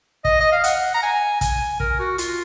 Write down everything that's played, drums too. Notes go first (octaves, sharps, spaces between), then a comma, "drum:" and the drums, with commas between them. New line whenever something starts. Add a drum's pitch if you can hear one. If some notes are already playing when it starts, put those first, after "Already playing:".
D#5, drum: kick
D#5
F5
F#5, drum: hi-hat
A#5
G#5
G#5, drum: kick, hi-hat
A#4, drum: kick
F#4
F4, drum: hi-hat